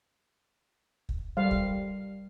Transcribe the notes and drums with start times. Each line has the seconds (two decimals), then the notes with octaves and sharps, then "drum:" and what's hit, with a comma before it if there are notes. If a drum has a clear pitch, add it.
1.09 drum: kick
1.37 G3 F5
1.51 drum: kick